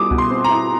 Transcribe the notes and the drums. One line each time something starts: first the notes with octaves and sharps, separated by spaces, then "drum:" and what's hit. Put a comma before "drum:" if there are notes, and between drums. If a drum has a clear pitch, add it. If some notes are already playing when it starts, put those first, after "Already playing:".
Already playing: B2 G3 E4 D6 D#6
B2, drum: kick C2
C6
C4
A#5
E4